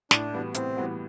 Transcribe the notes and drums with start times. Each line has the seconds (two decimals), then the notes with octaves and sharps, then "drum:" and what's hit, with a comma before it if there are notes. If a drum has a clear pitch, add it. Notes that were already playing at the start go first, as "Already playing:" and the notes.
0.11 A2 D4, drum: snare
0.33 E3 G3 B3 F#4
0.54 A2 C4, drum: hi-hat
0.77 E3 G3 B3 F#4